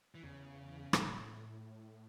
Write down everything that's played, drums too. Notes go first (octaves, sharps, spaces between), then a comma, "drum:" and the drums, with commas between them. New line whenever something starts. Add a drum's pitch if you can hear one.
E3
E2 C#3
A2, drum: rim click